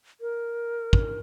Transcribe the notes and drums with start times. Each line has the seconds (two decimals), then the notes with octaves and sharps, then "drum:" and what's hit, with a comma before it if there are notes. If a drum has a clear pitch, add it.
0.21 A#4
0.93 drum: kick